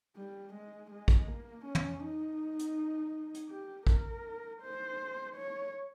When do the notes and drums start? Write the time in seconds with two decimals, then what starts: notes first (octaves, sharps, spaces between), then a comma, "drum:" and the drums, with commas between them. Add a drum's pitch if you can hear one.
0.17 G3
0.54 G#3
0.91 G#3
1.08 drum: kick
1.28 A#3
1.65 C#4
1.75 drum: tom
2.01 D#4
2.59 drum: hi-hat
3.34 drum: hi-hat
3.50 G4
3.87 A#4, drum: kick
4.61 C5
5.36 C#5